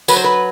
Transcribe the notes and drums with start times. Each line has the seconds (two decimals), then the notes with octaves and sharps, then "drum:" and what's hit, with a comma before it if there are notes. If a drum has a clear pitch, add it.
0.08 F#3 B4, drum: tambourine
0.17 C5
0.24 B4